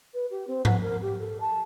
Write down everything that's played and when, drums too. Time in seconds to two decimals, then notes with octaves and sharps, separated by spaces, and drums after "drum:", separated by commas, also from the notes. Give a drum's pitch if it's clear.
0.14 B4
0.30 G4
0.47 C4
0.65 F#5, drum: tom G#2
0.81 A#4
1.01 G4
1.19 A4
1.40 A5